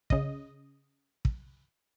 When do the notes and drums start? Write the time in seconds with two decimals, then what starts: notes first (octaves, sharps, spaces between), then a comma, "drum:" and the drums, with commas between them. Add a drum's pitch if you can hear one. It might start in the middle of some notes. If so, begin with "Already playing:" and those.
0.10 C#3 D#5, drum: kick
1.25 drum: kick